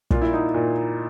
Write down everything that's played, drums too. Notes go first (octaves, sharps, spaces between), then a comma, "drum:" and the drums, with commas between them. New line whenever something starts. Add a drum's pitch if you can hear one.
A#2 F4, drum: kick
E4
D#4
A#2